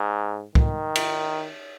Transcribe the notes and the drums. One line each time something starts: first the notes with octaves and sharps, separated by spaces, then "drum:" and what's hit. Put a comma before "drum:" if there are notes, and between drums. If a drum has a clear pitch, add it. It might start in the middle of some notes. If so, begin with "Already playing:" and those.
Already playing: G#2
D#3, drum: kick
drum: cymbal